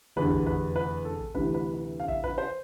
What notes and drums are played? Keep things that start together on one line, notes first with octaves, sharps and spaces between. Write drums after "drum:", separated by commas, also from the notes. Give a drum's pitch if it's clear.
F1 E2 D3 G3 B4
drum: kick
B4, drum: kick
B4
A4
drum: kick
D2 C3 E3 G3 B4, drum: kick
B4
B4
F5
E5, drum: kick
B4, drum: kick
C5